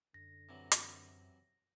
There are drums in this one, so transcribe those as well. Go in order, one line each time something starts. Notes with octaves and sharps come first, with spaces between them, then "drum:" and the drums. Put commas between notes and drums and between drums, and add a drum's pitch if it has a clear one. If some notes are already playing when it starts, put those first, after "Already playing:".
F#2 D3 A#6
C3 E3 F#3
drum: hi-hat